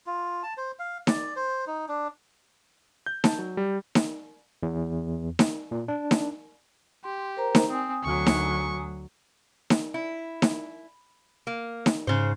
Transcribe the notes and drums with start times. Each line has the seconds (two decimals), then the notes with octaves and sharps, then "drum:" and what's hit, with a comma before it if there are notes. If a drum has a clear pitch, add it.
0.06 F4
0.43 A5
0.57 C5
0.79 F5
1.07 D5, drum: snare D#4
1.36 C5
1.67 D#4
1.89 D4
3.06 G6
3.24 A5, drum: snare D#4
3.39 F#3
3.57 G3
3.95 drum: snare D#4
4.63 E2
5.39 drum: snare D#4
5.71 A#2
5.88 D4
6.11 drum: snare D#4
7.04 G4 C6
7.37 A#4 C5 A#5
7.55 drum: snare D#4
7.70 C4 G#5 D#6
8.04 D2 F#3 C#6
8.26 drum: snare D#4
9.70 drum: snare D#4
9.94 E4
10.42 drum: snare D#4
11.47 A#3
11.86 drum: snare D#4
12.07 G#2 C#3 C5